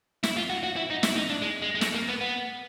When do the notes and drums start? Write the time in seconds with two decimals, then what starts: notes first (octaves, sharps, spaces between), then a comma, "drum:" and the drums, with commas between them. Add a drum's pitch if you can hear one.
0.23 E4, drum: snare
0.37 F4
0.50 F#4
0.64 F#4
0.76 E4
0.90 D#4
1.03 E4, drum: snare
1.15 D#4
1.30 D4
1.42 G#3
1.62 G#3
1.75 G#3
1.81 A3, drum: snare
1.94 A#3
2.08 B3
2.21 B3